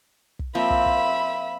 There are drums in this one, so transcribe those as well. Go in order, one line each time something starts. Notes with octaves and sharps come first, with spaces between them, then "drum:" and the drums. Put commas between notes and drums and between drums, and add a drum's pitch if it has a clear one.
drum: kick
F3 A#3 C4 E5 B5
drum: kick
drum: kick